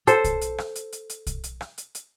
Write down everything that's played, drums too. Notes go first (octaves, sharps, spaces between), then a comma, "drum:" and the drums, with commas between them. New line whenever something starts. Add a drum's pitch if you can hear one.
A4 C5, drum: hi-hat
drum: kick B1, hi-hat
drum: hi-hat
drum: rim click
drum: hi-hat
drum: hi-hat
drum: hi-hat
drum: kick B1, hi-hat
drum: hi-hat
drum: rim click
drum: hi-hat
drum: hi-hat